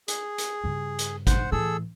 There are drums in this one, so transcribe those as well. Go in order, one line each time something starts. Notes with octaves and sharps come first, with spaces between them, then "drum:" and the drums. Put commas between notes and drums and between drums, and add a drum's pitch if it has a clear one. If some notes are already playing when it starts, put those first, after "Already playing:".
G#4, drum: hi-hat
drum: hi-hat
G2 C#3
drum: hi-hat
C5 F#5, drum: kick G#1, hi-hat
A2 E3 G#4 A4 E6